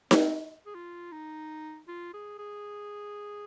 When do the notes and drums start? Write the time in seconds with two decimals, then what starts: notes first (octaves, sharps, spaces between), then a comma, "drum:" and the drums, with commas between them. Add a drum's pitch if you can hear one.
0.11 C4, drum: snare D#4
0.66 G#4
0.75 F4
1.12 D#4
1.88 F4
2.14 G#4
2.39 G#4